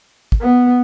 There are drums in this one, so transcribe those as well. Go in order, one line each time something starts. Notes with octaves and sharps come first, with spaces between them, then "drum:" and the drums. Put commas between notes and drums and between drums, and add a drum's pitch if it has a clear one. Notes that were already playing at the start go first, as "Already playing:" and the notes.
drum: kick
B3